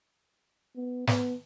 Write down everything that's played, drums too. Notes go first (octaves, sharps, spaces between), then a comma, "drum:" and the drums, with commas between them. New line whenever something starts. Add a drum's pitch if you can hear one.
B3
B3, drum: snare